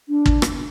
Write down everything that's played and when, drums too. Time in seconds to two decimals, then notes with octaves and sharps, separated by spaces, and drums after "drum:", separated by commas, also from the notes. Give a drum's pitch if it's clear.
0.09 D4
0.26 drum: kick
0.42 drum: rim click